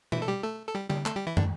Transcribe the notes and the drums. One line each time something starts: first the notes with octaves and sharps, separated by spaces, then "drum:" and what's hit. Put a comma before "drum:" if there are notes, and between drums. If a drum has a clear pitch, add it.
E3 E4, drum: tom B2
A4
G3 G4
A3 A4
A4
G3 G4
G3 G4, drum: tom D3
A3 A4, drum: clap
G3 G4
E3 E4
D3 D4, drum: tom